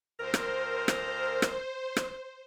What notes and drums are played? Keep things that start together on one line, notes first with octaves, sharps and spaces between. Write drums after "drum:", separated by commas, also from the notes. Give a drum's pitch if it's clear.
D2 A#4 C5
drum: rim click
drum: rim click
drum: rim click
drum: rim click